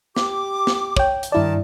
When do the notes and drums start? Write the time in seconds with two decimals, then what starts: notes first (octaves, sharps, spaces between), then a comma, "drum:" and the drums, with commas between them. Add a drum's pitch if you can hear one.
0.16 G4 D6, drum: snare
0.67 drum: snare
0.97 C#5 G5, drum: kick
1.23 drum: hi-hat
1.32 G2 D#3 E4 A#4 D5 A5